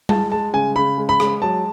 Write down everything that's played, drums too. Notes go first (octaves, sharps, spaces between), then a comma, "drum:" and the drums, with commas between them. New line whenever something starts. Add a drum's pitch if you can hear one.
G#3 A5, drum: tom G3
G#3 A5
C#3 G#5
C#3 B5
G#3
B5
G#3, drum: rim click
F#3 A5